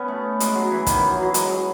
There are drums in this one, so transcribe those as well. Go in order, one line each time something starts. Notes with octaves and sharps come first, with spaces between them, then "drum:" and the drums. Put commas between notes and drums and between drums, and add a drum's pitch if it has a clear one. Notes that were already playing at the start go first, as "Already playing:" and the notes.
Already playing: B3 C#4
A3
G#3, drum: hi-hat
F#3
E3
D#3, drum: kick, hi-hat
E3
F#3
F#3
G#3, drum: hi-hat
F#3